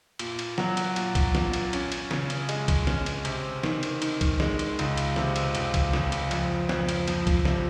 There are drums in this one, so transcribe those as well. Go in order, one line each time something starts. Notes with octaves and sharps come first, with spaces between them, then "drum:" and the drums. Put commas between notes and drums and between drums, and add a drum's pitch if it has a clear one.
A#2, drum: cymbal
drum: cymbal
F#3, drum: snare
drum: cymbal
A#2, drum: cymbal
drum: kick B1, cymbal
A#2, drum: snare
drum: cymbal
C#4, drum: cymbal
drum: cymbal
C#3, drum: snare
drum: cymbal
G#3, drum: cymbal
drum: kick B1, cymbal
C#4, drum: snare
drum: cymbal
C3, drum: cymbal
D#3, drum: snare
drum: cymbal
D#3, drum: cymbal
drum: kick B1, cymbal
G#3, drum: snare
drum: cymbal
C#2, drum: cymbal
drum: cymbal
C3, drum: snare
drum: cymbal
C#2, drum: cymbal
drum: kick B1, cymbal
C#2, drum: snare
drum: cymbal
F2, drum: cymbal
F2, drum: snare
drum: cymbal
F3, drum: cymbal
drum: kick B1, cymbal
C3, drum: snare